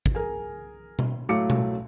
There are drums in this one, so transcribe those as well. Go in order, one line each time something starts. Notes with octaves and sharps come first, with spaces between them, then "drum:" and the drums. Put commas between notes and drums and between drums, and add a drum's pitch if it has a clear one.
drum: kick
G#4 A#4 G#5
drum: tom B2
A2 F#3 A3 F5 D6 C#7
drum: tom B2